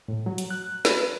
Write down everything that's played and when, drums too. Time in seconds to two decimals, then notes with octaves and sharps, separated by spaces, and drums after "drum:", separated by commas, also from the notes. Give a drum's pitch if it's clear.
0.08 A2
0.26 F#3
0.38 drum: hi-hat
0.51 F#6
0.85 B4, drum: snare